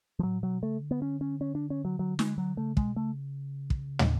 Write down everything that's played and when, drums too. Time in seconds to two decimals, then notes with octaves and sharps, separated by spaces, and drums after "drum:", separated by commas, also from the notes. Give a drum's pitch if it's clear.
0.19 F3
0.23 A2 F#3
0.43 B2 F#3
0.63 C#3 A3
0.82 D3
0.91 B3
1.02 C#4
1.21 C#4
1.41 C#4
1.55 D4
1.70 C#4
1.85 F#3
1.99 F#3
2.19 G#3, drum: snare
2.38 F#3
2.57 C#3 A3
2.77 B2 G#3, drum: kick
2.96 C#3 A3
3.70 drum: kick
3.99 drum: tom